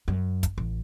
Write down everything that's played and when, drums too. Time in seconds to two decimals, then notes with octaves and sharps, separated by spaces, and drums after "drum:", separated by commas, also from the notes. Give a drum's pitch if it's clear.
0.08 F#2
0.43 drum: kick, hi-hat
0.58 A1